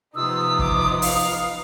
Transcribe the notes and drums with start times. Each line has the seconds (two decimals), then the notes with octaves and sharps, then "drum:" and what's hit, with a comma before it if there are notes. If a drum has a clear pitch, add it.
0.15 C3 F3 B3 D#4 F4 D#6 E6
0.59 D6, drum: kick
1.02 F5, drum: open hi-hat